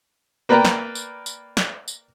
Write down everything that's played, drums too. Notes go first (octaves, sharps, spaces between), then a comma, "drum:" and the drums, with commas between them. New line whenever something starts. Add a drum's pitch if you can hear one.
A#3 B4 D5 G5 A#5
drum: snare
drum: tambourine
drum: tambourine
drum: snare
drum: tambourine